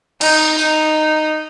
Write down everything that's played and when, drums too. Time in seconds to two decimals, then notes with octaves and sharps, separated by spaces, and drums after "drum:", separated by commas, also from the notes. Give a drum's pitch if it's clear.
0.21 D#4, drum: cymbal
0.59 D#4, drum: tambourine